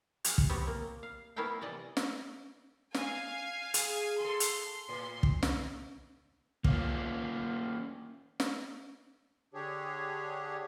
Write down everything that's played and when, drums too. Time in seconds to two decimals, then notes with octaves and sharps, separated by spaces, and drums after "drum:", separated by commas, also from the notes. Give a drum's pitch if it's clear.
0.24 G4 G#4 F5 F#5 G#5, drum: hi-hat
0.38 drum: kick
0.49 B3 C4 F#4 G4 C#5
0.67 A#3
1.03 F5
1.36 B3 C#4 E4 A#4 F5 G5
1.61 C3 E3 D5 D#5
1.97 drum: snare
2.94 F5 G#5, drum: snare
3.74 G#4, drum: hi-hat
4.20 G#4 A4 C6
4.40 drum: hi-hat
4.89 A2 C6
5.23 drum: kick
5.43 drum: snare
6.64 A#3 C#4 F4, drum: kick
8.40 drum: snare
9.54 D3 D4 G4 G#4 C#5